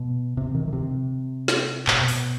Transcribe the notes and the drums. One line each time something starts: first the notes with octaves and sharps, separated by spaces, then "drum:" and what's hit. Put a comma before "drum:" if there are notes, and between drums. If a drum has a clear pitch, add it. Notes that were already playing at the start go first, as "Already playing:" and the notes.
Already playing: B2
C3
D#3
D#3
C3
drum: snare
A2, drum: clap
B2
drum: open hi-hat